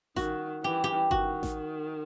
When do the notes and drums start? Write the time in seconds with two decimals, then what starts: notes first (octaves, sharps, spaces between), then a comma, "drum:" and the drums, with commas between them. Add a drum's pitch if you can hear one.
0.16 D#3 F#4, drum: snare A1
0.63 E3 G4
0.84 G4
1.11 D#3 F#4, drum: kick G1
1.43 drum: snare A1